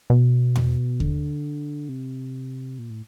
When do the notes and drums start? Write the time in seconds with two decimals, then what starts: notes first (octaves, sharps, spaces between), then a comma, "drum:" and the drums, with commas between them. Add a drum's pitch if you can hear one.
0.10 B2
0.56 drum: tom E2
1.00 D3, drum: kick D#2
1.89 C3
2.79 A#2
2.90 A2